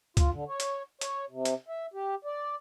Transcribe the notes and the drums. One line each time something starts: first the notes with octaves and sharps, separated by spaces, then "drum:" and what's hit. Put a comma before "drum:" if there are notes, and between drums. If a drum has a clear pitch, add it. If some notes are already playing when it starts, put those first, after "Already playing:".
F4, drum: kick, hi-hat
D3
C#5
drum: hi-hat
C#5, drum: hi-hat
C3
drum: hi-hat
E5
G4
D5